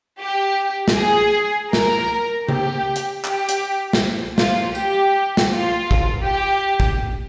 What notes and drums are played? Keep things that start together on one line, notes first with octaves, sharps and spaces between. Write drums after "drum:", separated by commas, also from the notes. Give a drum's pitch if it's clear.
G4
drum: snare
G#4
A#4, drum: snare
G4, drum: tom C#3
drum: hi-hat
G4, drum: clap
drum: hi-hat
drum: snare
F4, drum: snare
G4, drum: tambourine
drum: snare
F4
drum: kick
G4
drum: kick